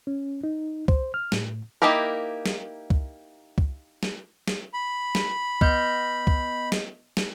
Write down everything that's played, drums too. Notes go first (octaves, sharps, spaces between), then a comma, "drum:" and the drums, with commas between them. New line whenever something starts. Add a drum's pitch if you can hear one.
C#4
D#4
C5, drum: kick C#2
F6
A2, drum: snare
A#3 D#4 E4 G4 A#4
drum: snare
drum: kick C#2
drum: kick C#2
drum: snare
drum: snare
B5
drum: snare
B3 D#5 G6, drum: kick C#2
drum: kick C#2
drum: snare
drum: snare